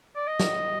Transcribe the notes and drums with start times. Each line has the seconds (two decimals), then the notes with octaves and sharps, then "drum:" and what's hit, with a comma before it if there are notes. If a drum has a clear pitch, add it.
0.16 D5
0.27 D#5
0.40 drum: snare